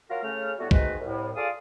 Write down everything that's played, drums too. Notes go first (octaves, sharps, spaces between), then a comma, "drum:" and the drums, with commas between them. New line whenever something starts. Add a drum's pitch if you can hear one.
F#3 F4 F#4 A#4
C#3 A3 F6
A2 G3 A3 B3 F#4
G#2 D#3 G#3 A3 F#4 B4, drum: kick
C2 A2
F4 G#4 A4 D5 F5 D#6